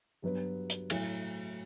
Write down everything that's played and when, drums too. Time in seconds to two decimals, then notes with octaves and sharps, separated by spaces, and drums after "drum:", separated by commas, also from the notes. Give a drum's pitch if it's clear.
0.22 G2 F#3 B3 F#4 B4
0.70 drum: hi-hat
0.90 A2 F#3 A3 E4, drum: cymbal